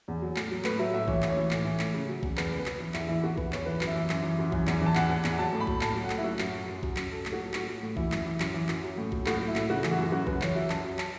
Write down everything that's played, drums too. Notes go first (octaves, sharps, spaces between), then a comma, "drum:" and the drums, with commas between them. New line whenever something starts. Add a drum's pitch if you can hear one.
E2
F#3
A2, drum: clap
F#3
A2 B4, drum: clap
F#3 E5
A2 E5
E3 C#5, drum: kick A#1
A2, drum: clap
C#5
E3
A2, drum: clap
E3
A2, drum: clap
C#3
F#3
E2, drum: kick A#1
E2 B4, drum: clap
C#3
B4
F#3, drum: clap
E3
E2 E4, drum: clap
E3 E4
E2 F#4
E3 B4, drum: kick A#1
E2 C#5, drum: clap
E3 B4
F#2, drum: clap
E5
E3
F#2, drum: clap
E3
F#2
E3, drum: kick A#1
E2, drum: clap
E3 A5
E2 F#5, drum: clap
E3
E2, drum: clap
F#3 A5
A2
B5
F#3, drum: kick A#1
A2 A5, drum: clap
F#3
F#5
A2, drum: clap
E4
F#3 F#4
F#2, drum: clap
F#3
F#2
F#3, drum: kick A#1
F#2, drum: clap
F#3 A4
A2, drum: clap
F#4
F#3 A4
A2 F#4, drum: clap
F#3
A2
E3 E4, drum: kick A#1
F#2, drum: clap
E3
F#2, drum: clap
E3
F#2, drum: clap
F#3
A2
F#3, drum: kick A#1
A2 F#4, drum: clap
F#3
E4
A2, drum: clap
C#3 F#4
E3, drum: clap
F#4
F#2
F#2 F#4
C#3 B4, drum: kick A#1
E3 C#5, drum: clap
F#3 E5
F#2 A5, drum: clap
F#3
A5, drum: clap